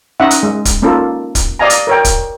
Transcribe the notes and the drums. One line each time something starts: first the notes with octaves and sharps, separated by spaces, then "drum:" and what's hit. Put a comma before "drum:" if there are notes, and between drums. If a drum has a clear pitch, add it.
C#4 D#4 D#5 E5 F#5
drum: hi-hat
G#3
drum: kick, hi-hat
A#3 C#4 D#4 F4 A4
drum: kick, hi-hat
D5 D#5 F5 G#5 A#5
drum: hi-hat
A#4 C#5 G5
drum: kick, hi-hat